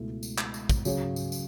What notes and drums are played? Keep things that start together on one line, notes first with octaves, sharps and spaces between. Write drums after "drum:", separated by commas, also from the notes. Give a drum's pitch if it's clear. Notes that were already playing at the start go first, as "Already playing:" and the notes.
Already playing: C#2 B2 A3 E4
drum: tambourine
drum: clap
drum: tambourine
drum: kick, tambourine
C#3 F#3 C#4 G#4 C#5, drum: tambourine
drum: tambourine
drum: tambourine